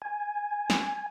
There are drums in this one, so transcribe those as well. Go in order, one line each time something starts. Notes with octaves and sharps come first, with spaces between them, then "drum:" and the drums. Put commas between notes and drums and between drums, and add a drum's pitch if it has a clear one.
G#5
drum: snare